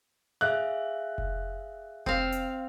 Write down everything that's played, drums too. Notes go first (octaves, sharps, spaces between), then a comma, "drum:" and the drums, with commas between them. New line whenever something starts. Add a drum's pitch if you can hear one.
G#4 E5 F5 F#6
drum: kick F1
C4 F5, drum: kick F1
drum: hi-hat